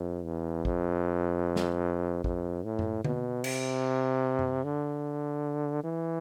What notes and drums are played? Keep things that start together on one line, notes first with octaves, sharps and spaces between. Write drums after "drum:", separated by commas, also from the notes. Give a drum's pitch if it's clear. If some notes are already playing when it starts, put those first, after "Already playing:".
Already playing: F2
E2
F2, drum: kick A1
drum: snare
F2, drum: kick A1
A2
drum: tom F#2
B2, drum: tom D3
C3, drum: cymbal
drum: tom F#2
D3
E3